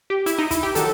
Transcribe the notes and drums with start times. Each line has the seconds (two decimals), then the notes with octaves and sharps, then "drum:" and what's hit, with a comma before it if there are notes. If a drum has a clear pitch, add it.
0.10 G4
0.26 E4, drum: hi-hat
0.38 D#4
0.51 E4, drum: kick, hi-hat
0.63 G4
0.75 D#3 F#3 A4, drum: hi-hat